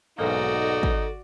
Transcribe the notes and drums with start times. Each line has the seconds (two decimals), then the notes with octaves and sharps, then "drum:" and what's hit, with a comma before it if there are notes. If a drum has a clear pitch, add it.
0.19 B1 G#2 A#3 D#4 F#4 A4 D5
0.83 drum: kick